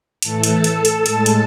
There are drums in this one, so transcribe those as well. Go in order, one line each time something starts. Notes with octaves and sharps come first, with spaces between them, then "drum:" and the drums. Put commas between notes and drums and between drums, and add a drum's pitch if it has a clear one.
A2 E3 A3 A4 A5, drum: hi-hat
drum: hi-hat
drum: hi-hat
drum: hi-hat
A2 G#3, drum: hi-hat
drum: hi-hat